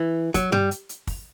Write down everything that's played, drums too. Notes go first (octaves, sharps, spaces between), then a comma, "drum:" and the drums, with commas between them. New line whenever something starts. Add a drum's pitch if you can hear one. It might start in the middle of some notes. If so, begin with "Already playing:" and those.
Already playing: E3
F#3, drum: kick, hi-hat
G3, drum: tom G2
drum: hi-hat
drum: hi-hat
drum: kick, open hi-hat